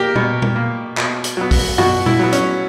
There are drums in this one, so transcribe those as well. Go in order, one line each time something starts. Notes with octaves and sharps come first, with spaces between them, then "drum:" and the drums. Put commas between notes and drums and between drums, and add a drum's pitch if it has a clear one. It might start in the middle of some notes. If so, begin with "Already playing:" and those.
Already playing: A#3 G4 A#4
B2, drum: tom A#2
drum: tom A#2
A#3
B2, drum: clap
drum: hi-hat
F#3 B3
drum: kick, open hi-hat
B2 F#4, drum: tom F#2
E4, drum: tom A#2
F#3 B3
C#4, drum: hi-hat